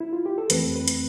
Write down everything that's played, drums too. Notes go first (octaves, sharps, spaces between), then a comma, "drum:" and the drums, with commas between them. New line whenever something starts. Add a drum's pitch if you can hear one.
E4
F4
G4
A4
F2 E3 A3 C4 B4, drum: hi-hat
B4
drum: hi-hat